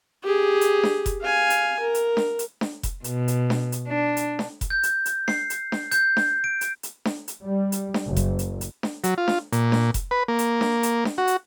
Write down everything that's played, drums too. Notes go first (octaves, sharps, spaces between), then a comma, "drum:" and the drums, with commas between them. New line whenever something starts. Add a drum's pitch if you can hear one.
G4 G#4
drum: hi-hat
drum: snare D4
drum: kick F1, hi-hat
F5 G#5
drum: hi-hat
A#4
drum: hi-hat
drum: snare D4
drum: hi-hat
drum: snare D4
drum: kick F1, hi-hat
B2, drum: hi-hat
drum: hi-hat
drum: snare D4
drum: hi-hat
D4
drum: hi-hat
drum: snare D4
drum: kick F1, hi-hat
G6
drum: hi-hat
drum: hi-hat
C7, drum: snare D4
drum: hi-hat
drum: snare D4
G6, drum: hi-hat
drum: snare D4
D7
drum: hi-hat
drum: hi-hat
drum: snare D4
drum: hi-hat
G3
drum: hi-hat
drum: snare D4
F#1
drum: kick F1, hi-hat
drum: hi-hat
drum: hi-hat
drum: snare D4
F#3, drum: hi-hat
F4
drum: snare D4
A#2, drum: hi-hat
drum: snare D4
drum: kick F1, hi-hat
B4
A#3
drum: hi-hat
drum: snare D4
drum: hi-hat
drum: snare D4
F#4
drum: hi-hat